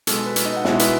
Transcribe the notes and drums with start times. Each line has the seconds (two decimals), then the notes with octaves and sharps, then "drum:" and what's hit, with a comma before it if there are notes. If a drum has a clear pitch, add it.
0.07 B2 G#3 A4, drum: hi-hat
0.26 B4
0.36 drum: hi-hat
0.45 D#4 D#5
0.57 F#5
0.65 B2 G#3 E4 E5, drum: snare
0.79 B4, drum: hi-hat